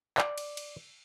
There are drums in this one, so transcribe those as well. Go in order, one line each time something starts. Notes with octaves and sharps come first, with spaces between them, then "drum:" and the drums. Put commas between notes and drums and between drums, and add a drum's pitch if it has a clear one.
D5, drum: clap
drum: cymbal
drum: cymbal